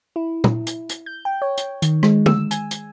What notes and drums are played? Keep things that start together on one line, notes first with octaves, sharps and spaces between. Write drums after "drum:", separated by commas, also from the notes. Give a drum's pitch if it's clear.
E4
drum: tom A#2
drum: hi-hat
drum: hi-hat
G6
G5
C#5
drum: hi-hat
D#3, drum: hi-hat
G#3, drum: rim click
E6, drum: tom
G#5, drum: hi-hat
drum: hi-hat